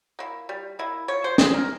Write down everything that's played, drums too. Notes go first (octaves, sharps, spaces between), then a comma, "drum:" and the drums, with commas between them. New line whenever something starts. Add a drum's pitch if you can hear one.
A#3 E4
G3
A#3 E4
F3 C#5
C5
G#3 C4 G#4, drum: snare
A#4